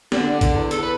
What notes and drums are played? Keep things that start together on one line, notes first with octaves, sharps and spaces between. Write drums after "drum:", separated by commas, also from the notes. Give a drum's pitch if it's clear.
D3, drum: snare
D3
drum: kick, hi-hat
E2
E2 A4, drum: hi-hat
B4